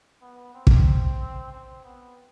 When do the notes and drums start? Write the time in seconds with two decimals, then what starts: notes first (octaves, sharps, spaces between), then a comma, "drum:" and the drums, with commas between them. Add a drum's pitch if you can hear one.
0.22 B3
0.54 C4
0.67 drum: kick
1.52 C4
1.85 B3